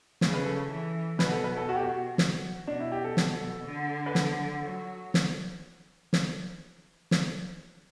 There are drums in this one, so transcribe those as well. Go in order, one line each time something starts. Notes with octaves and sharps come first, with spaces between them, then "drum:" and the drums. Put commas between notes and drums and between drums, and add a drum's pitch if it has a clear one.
C#3, drum: snare
B4
A4
E3
B2 B4, drum: snare
A4
B4
A4
F#4
G4
F#4
drum: snare
B2 D4
E4
G4
A4
drum: snare
D3
B4
A4, drum: snare
F#3
drum: snare
drum: snare
drum: snare